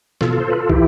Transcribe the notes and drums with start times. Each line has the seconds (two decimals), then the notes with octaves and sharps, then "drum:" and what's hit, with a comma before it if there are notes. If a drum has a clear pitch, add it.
0.21 B2 F4 A4, drum: snare
0.40 C5
0.50 B4
0.60 A4
0.69 E3 E4 G4, drum: kick